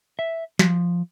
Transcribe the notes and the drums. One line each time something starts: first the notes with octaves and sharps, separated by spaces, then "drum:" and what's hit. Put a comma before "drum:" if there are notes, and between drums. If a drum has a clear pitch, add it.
E5
F3, drum: snare